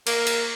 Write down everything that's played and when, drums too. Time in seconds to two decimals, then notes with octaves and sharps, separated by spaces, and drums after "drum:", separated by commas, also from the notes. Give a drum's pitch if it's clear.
0.07 A#3, drum: cymbal
0.27 drum: cymbal